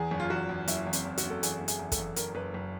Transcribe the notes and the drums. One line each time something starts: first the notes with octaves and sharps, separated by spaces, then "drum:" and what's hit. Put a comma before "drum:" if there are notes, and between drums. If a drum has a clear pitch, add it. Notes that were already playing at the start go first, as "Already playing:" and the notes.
Already playing: E2 G#4
F#1
F4
E2 F#4
E2
F#1 E4, drum: hi-hat
E2
C4, drum: hi-hat
E2
F#4, drum: hi-hat
F#1
A4
E2 G#4, drum: hi-hat
F#1
G#4, drum: hi-hat
E2
A4, drum: kick, hi-hat
E2
F#1 A#4, drum: hi-hat
F#1 B4
F#1